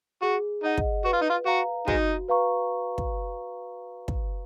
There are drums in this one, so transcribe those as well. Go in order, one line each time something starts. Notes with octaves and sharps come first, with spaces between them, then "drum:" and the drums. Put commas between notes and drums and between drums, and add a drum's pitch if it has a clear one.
F#4 G#4
D#4 D#5 F#5
drum: kick
F#4 B4
F4
D#4
F4
F#4 F5 A#5
G#3 D#4 F#4, drum: kick
B4 F5 A#5 C#6
drum: kick
drum: kick